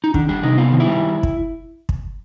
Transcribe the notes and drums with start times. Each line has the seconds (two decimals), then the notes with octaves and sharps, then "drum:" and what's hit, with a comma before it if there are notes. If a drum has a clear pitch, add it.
0.04 D#4
0.14 D#3 D4, drum: kick
0.28 G3 D4
0.43 C3 D#4
0.58 B3 F4
0.72 D#3
0.80 E4
0.86 G3
1.23 drum: kick
1.89 drum: kick